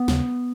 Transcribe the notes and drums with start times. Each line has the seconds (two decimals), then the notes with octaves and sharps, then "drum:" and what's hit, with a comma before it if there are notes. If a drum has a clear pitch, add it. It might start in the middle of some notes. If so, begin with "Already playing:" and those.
Already playing: B3
0.08 D#2 C#3, drum: snare